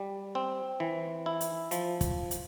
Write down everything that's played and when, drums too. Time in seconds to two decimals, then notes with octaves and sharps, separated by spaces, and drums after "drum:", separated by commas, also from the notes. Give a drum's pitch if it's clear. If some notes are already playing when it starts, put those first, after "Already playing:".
Already playing: G3
0.35 C4
0.80 E3
1.26 E4
1.41 drum: hi-hat
1.71 F3, drum: hi-hat
2.01 drum: kick, hi-hat
2.31 drum: hi-hat